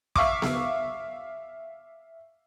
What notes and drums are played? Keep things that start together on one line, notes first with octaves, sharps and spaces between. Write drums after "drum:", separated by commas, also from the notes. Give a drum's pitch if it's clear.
E5 F5 C#6 D6, drum: kick
drum: snare B3